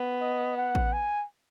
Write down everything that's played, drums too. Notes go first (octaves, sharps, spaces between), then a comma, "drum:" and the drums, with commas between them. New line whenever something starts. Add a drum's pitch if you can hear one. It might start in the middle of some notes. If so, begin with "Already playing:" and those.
Already playing: B3
D#5
F#5
drum: kick A1
G#5